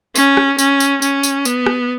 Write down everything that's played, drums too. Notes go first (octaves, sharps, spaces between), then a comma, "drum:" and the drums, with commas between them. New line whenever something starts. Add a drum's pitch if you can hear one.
C#4, drum: tambourine
drum: rim click
C#4, drum: tambourine
drum: tambourine
C#4, drum: tambourine
drum: tambourine
B3, drum: tambourine
drum: rim click